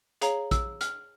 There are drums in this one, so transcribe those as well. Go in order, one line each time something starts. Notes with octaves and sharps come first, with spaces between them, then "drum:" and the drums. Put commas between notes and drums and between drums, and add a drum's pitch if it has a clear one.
G#4 C#5 F5 A#5, drum: hi-hat
E6, drum: kick, hi-hat
F6, drum: hi-hat